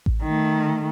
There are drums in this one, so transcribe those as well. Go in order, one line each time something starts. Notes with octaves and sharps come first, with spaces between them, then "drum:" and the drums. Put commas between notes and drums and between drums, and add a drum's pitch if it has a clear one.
drum: kick A1
D#3 A3